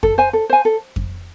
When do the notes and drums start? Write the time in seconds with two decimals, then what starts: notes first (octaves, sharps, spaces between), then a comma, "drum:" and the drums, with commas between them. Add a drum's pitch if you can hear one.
0.03 A4, drum: kick F2
0.18 C5 G#5
0.33 A4
0.50 C5 G#5
0.65 A4
0.96 drum: kick F2